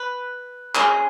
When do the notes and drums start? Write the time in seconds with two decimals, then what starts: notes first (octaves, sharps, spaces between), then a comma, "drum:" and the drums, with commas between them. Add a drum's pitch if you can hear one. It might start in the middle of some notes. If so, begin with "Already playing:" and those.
Already playing: B4
0.75 C#4 G#4, drum: clap